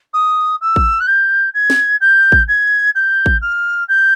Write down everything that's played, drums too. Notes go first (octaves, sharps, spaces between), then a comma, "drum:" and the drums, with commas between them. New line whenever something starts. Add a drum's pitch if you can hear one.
D#6
E6
drum: kick A1
F#6
G6
G#6
drum: snare
G6
drum: kick A1
G#6
G6
drum: kick A1
F6
G6